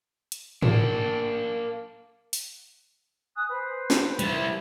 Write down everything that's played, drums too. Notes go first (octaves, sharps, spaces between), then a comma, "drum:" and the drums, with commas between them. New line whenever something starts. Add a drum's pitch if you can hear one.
drum: hi-hat
A#3 D4, drum: tom G#2
drum: open hi-hat
G#5 D#6 F#6
B4 C5
drum: snare
G3 E4, drum: hi-hat